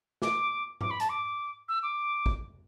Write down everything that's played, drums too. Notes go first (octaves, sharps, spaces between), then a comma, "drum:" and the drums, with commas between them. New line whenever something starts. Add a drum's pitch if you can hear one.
D6, drum: snare
D6, drum: tom G#2
B5
A5, drum: hi-hat
D6
E6
D6
drum: kick